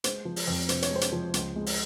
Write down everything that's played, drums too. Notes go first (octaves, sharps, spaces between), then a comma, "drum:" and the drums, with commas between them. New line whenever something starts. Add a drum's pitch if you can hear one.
G#3 C5, drum: hi-hat
F3
drum: open hi-hat
F2
C3 C5, drum: hi-hat
C#5, drum: hi-hat
G#3 C5
drum: hi-hat
F3
C#2, drum: hi-hat
G#3
drum: open hi-hat